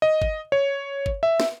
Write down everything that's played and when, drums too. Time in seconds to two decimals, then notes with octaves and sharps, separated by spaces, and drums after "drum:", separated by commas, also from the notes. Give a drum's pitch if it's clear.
0.02 D#5
0.22 drum: kick G1
0.52 C#5
1.06 drum: kick G1
1.23 E5
1.40 drum: snare